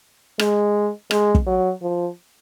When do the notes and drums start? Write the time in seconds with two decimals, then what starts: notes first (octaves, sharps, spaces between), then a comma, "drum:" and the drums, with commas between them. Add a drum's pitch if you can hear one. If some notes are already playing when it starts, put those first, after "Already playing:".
0.39 G#3, drum: rim click
1.11 G#3, drum: rim click
1.35 drum: kick
1.46 F#3
1.82 F3